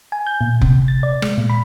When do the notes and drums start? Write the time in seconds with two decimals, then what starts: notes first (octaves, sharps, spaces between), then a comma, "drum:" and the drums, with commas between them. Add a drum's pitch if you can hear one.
0.12 G#5
0.27 G6
0.41 A#2
0.61 C3, drum: kick F1
0.88 A6
1.03 D5
1.22 G#3, drum: rim click
1.38 A#2
1.50 B5